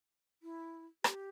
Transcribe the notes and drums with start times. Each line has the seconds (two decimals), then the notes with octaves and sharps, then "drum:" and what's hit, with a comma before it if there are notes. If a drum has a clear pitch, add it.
0.43 E4
1.04 G4, drum: rim click